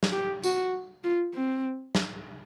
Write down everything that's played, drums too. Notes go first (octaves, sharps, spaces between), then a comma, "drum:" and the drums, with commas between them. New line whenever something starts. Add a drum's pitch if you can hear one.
drum: snare
G4
F#4, drum: tambourine
F4
C4
drum: snare